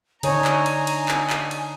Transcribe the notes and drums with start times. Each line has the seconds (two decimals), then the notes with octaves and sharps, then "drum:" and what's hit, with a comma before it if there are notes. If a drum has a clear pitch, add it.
0.23 D3 D4 D#4 C#5 G#5 A#5, drum: cymbal
0.45 drum: clap
0.66 drum: cymbal
0.87 drum: cymbal
1.09 drum: clap
1.30 drum: clap
1.51 drum: cymbal